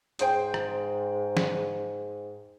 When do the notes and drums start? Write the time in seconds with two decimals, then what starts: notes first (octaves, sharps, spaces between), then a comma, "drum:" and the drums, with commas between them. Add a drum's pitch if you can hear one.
0.19 G#2 G#4 C5 G5, drum: hi-hat
0.54 drum: rim click
1.37 drum: snare